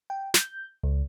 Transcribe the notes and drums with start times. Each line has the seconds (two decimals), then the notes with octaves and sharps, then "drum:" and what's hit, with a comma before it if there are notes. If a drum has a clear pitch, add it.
0.10 G5
0.34 G6, drum: snare
0.84 C#2